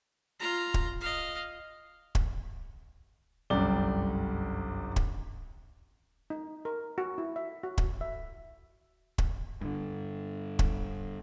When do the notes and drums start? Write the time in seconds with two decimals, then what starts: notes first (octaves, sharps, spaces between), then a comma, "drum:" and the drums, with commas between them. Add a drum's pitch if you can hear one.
0.40 F4 A#5
0.74 drum: kick
1.01 D#5 F5
2.15 drum: kick
3.50 G1 C2 F#2 G3 D5 G7
4.96 drum: kick
6.30 D#4
6.65 A#4
6.98 F#4
7.18 E4
7.36 E5
7.63 F#4
7.78 drum: kick
8.01 E5
9.18 drum: kick
9.61 G2 D3
10.59 drum: kick